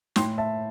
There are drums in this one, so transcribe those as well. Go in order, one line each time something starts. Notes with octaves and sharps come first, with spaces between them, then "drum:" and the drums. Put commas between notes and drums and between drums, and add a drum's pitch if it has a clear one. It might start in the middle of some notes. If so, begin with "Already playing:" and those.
A2 G5 C6, drum: snare
E5 A5